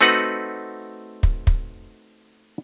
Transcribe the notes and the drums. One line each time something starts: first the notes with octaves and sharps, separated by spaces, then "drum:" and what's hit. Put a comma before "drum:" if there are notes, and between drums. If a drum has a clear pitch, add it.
A3 C4 D#4 F#4 B4 F#5
drum: kick
drum: kick